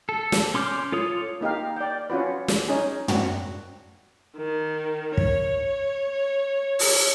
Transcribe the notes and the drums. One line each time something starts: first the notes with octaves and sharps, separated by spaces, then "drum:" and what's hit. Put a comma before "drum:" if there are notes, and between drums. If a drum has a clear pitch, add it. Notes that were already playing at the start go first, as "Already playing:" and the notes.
A4
drum: snare
C#4 C6 D6 F6 G6
F4 A4 C#5 D#6
A#3 D#4 G4 F5
D5 G5
C#4 F4 F#4 B4
drum: snare
C#4 D#4 G#4
A#3 C4 D4 F#4, drum: tom
D#3
C#5, drum: kick
drum: open hi-hat